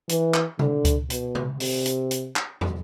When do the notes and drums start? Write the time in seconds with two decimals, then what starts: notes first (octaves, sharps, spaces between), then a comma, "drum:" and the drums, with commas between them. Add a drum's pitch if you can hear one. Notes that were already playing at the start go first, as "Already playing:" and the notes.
0.09 E3, drum: hi-hat
0.34 drum: clap
0.59 D3, drum: tom C3
0.85 drum: kick C#2, hi-hat
1.10 B2, drum: hi-hat
1.35 drum: tom C3
1.60 C3, drum: open hi-hat
1.86 drum: hi-hat
2.11 drum: hi-hat
2.36 drum: clap
2.61 drum: tom